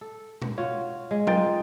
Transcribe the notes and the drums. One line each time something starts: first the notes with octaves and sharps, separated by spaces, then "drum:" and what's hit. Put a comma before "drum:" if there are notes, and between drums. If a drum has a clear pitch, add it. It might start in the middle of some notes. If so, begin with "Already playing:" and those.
A4
drum: tom B2
F4 F#4 C#5
G#3
D#4 F4 G#4 G5 A6, drum: tom F#3